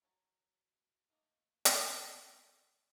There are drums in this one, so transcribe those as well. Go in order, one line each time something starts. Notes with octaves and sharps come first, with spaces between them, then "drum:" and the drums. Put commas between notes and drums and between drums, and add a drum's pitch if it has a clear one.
F#3 A4 C#5 B5
A3 A#3 D#4
drum: hi-hat